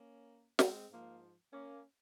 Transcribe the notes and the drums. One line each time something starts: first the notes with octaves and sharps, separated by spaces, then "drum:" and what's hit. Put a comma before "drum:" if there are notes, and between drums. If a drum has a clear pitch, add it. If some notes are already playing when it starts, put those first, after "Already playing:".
Already playing: A#3 C#4
G#3 C4, drum: snare
G#2 F3 A#3
A#3 C#4